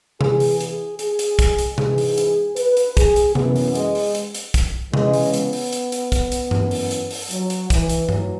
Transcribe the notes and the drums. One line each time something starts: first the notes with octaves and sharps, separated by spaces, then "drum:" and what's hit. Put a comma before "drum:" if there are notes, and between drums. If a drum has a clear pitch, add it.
E2 E3 G#4, drum: tom C3
drum: open hi-hat
G#4, drum: hi-hat
G#4, drum: hi-hat
drum: hi-hat
drum: kick, hi-hat
drum: hi-hat
G#2 E3 G#4, drum: tom C3
drum: open hi-hat
drum: hi-hat
B4, drum: hi-hat
drum: hi-hat
G#4, drum: kick, hi-hat
drum: hi-hat
F#2 E3 B3, drum: tom C3
drum: open hi-hat
G#3, drum: hi-hat
drum: open hi-hat
drum: hi-hat
drum: hi-hat
drum: kick, hi-hat
E2 C#3 E3 G#3, drum: tom C3
drum: open hi-hat
B3, drum: hi-hat
drum: open hi-hat
drum: hi-hat
drum: hi-hat
drum: kick, hi-hat
drum: hi-hat
F#2 E3, drum: tom G2
drum: open hi-hat
drum: hi-hat
drum: open hi-hat
F#3, drum: hi-hat
drum: hi-hat
E3, drum: kick, hi-hat
drum: hi-hat
E3 F#3, drum: tom G2